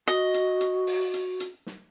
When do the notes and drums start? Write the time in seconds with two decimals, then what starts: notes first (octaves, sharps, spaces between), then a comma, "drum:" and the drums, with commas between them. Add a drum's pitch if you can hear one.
0.08 F#4 D#5, drum: hi-hat
0.34 drum: hi-hat
0.61 drum: hi-hat
0.87 drum: open hi-hat
1.13 drum: hi-hat
1.40 drum: hi-hat
1.66 drum: snare